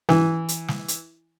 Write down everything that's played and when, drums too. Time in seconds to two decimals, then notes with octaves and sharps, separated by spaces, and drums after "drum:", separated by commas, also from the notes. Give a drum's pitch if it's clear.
0.09 E3, drum: snare
0.48 drum: hi-hat
0.68 drum: snare
0.88 drum: hi-hat